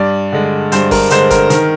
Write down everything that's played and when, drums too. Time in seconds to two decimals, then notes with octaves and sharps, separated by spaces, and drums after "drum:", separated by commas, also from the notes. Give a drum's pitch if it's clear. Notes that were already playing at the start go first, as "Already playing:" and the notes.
Already playing: G2 D5
0.32 D3 G#3
0.72 G2 C5, drum: hi-hat
0.91 A#4, drum: kick G1, open hi-hat
1.10 D3 G#3 C5, drum: hi-hat
1.30 A#4, drum: kick G1, hi-hat
1.50 D#3 A#4, drum: hi-hat